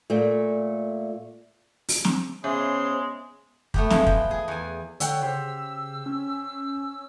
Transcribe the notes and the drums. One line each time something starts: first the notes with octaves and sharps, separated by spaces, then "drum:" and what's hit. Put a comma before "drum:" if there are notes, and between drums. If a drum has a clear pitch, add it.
A#2 A3
drum: open hi-hat
drum: snare
C#3 G#3 B3 G#4 C5 C6
A3 B3 G4, drum: kick
E3 F3 G#3, drum: snare
G5, drum: kick
G#4
E2 G#5
D3 C#5 F#5 G5 E6, drum: hi-hat
C#3 G4 C5
C#4